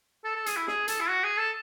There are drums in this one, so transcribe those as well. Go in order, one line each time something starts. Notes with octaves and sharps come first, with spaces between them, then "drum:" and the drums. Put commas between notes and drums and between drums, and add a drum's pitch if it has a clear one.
A4
A4
G#4, drum: hi-hat
E4
G#4, drum: snare
A4, drum: hi-hat
E4
F#4
G#4
A4